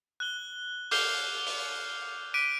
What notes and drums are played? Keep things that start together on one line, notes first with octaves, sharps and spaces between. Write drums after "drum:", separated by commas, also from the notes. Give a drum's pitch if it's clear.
F#6 G7
D6 F6 G6 C7 F7 G7, drum: open hi-hat
drum: open hi-hat
D6 F#6 B6 D7 D#7